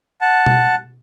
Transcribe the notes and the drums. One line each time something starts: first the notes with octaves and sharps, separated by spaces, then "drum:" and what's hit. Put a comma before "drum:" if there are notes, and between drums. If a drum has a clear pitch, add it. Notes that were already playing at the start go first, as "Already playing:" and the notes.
F#5 A5
drum: tom B2